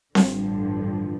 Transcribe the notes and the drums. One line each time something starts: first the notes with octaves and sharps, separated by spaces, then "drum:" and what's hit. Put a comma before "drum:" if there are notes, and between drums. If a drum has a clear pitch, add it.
A1 G2 D3 F3, drum: snare C4